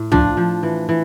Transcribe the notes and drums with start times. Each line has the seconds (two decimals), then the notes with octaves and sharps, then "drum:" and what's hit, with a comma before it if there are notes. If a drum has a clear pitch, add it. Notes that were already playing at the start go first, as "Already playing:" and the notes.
Already playing: A2
0.12 F3 D4, drum: tom
0.37 F3
0.63 E3
0.89 E3